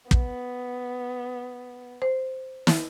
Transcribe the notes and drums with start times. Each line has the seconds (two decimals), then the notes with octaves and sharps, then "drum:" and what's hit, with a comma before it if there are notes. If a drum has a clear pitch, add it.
0.11 B3, drum: kick
2.02 C5
2.67 drum: snare